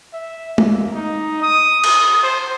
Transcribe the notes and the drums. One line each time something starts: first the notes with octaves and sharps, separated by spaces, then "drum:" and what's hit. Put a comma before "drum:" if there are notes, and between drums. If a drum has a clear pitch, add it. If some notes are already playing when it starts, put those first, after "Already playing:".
E5
A#3, drum: tom G#3
D#4
D#6
D#6, drum: cymbal
C5